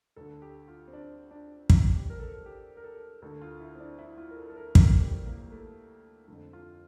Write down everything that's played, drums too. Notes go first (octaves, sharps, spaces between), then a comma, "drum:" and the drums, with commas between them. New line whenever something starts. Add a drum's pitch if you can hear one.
D2 D3 A4
G4
F4
C4
D4
D4
drum: kick
G4
A#4
A4
G4
A#4
A4
D2 D3 A4
F4
E4
C4
D4
E4
F4
A#4
A4
A4
A#4
A4, drum: kick
G4
A#3
A3
F2 D3 A3
F4